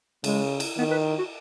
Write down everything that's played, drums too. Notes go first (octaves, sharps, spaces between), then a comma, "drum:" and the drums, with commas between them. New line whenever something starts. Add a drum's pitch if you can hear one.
C#3 G#3, drum: cymbal
drum: cymbal
D#3 B3
B4
F#4